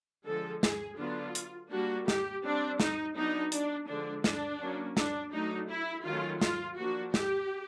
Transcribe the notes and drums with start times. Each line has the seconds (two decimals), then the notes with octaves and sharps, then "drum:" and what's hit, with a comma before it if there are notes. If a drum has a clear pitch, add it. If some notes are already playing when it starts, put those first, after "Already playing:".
0.26 D3 F3 G#3 A4
0.63 G#4, drum: snare
0.98 D3 F#3 B3 D4 F4
1.35 drum: hi-hat
1.72 G3 A#3 D4 F#4
2.08 G4, drum: snare
2.44 G3 C4 D4
2.80 D#4, drum: snare
3.16 F#3 B3 D4 D#4
3.52 D4, drum: hi-hat
3.88 D3 F3 G#3 D4
4.24 D4, drum: snare
4.60 F#3 A#3 C#4
4.97 D4, drum: snare
5.33 F#3 A3 D4 D#4
5.70 E4
6.05 D#3 F#3 A3 C#4 F4
6.41 F4, drum: snare
6.77 F3 A#3 D4 F#4
7.14 G4, drum: snare